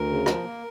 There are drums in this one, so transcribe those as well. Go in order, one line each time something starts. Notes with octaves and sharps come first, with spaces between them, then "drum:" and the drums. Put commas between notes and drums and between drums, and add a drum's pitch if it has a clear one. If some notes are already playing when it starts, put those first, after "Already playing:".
Already playing: D2 A#4
C#3
F3, drum: rim click
A#3